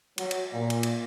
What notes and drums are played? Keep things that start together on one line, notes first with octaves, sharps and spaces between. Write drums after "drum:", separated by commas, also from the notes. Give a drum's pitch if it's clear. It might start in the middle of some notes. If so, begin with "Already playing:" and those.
F#3, drum: cymbal
drum: cymbal
A#2
drum: cymbal
drum: cymbal